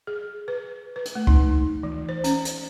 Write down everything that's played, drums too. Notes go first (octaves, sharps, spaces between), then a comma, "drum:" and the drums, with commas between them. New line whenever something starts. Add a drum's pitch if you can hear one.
G#4
B4
B4
drum: hi-hat
A3
D#4, drum: kick C#2
E3
C5
C#4, drum: hi-hat
drum: hi-hat